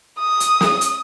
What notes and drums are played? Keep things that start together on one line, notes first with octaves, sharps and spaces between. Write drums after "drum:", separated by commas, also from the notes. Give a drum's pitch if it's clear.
D#6
drum: hi-hat
drum: snare
drum: hi-hat